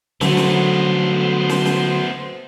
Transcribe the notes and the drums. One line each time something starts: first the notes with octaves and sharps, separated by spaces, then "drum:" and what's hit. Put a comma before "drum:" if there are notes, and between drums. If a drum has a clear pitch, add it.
D3 F#3 A3 B3 C5, drum: snare
drum: snare
drum: snare
drum: snare